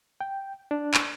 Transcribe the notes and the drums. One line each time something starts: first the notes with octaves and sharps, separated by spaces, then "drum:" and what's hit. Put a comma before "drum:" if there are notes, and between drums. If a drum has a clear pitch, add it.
G5
D4
drum: clap